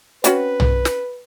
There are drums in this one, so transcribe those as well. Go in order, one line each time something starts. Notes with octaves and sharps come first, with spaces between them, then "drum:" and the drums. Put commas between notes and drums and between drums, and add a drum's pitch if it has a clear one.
C4 C#4 F#4 B4, drum: hi-hat
drum: tom
drum: snare